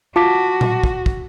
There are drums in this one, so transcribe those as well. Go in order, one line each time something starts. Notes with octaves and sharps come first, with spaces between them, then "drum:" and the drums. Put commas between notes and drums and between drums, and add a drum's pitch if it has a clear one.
F4 F#4 A5 D6 B6
drum: tom A#2
drum: kick
drum: kick